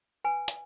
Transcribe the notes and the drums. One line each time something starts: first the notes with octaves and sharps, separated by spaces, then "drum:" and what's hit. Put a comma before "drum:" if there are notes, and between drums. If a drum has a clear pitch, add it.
B4 G#5
drum: hi-hat